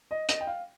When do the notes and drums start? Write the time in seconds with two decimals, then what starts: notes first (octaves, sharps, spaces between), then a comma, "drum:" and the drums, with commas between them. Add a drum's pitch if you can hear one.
0.11 D#5
0.29 D#5, drum: hi-hat
0.41 G5
0.47 F5